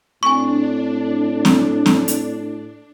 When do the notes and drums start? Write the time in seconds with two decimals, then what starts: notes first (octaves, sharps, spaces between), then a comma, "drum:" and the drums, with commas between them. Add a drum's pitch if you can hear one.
0.23 A2 C4 D4 G#5 C#6
1.45 drum: snare C4
1.86 drum: snare C4
2.08 drum: hi-hat